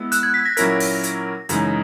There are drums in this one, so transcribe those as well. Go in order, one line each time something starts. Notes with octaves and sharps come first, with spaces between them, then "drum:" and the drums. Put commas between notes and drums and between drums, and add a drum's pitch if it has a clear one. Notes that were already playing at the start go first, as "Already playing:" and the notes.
Already playing: G#3 B3 E4 E6
F#6, drum: hi-hat
G#6
B6
A#6
A#2 F#3 C#4 E4 A#4 A#6, drum: hi-hat
drum: open hi-hat
drum: hi-hat
F#2 C#3 E3 G#3 D#4, drum: hi-hat